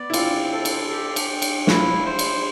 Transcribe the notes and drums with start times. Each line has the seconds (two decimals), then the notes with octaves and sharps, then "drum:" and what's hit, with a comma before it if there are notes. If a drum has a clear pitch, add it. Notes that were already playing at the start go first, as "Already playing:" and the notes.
Already playing: B3 D5
0.10 E4
0.14 C4 F4, drum: cymbal
0.52 A4
0.65 drum: cymbal
0.91 G4
1.16 drum: cymbal
1.29 G5
1.42 drum: cymbal
1.67 E4 F4, drum: snare
2.06 C5
2.19 drum: cymbal